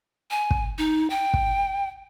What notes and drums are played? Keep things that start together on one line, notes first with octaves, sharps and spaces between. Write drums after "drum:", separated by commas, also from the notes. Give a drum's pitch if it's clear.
G#5
drum: kick
D#4
G5
drum: kick